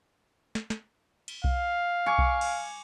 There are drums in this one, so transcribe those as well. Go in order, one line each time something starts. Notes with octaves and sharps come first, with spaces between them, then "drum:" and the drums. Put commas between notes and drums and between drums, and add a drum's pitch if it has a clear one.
drum: snare
drum: snare
drum: cymbal
F5, drum: kick B1
G#5 C#6 D6
drum: kick B1
drum: cymbal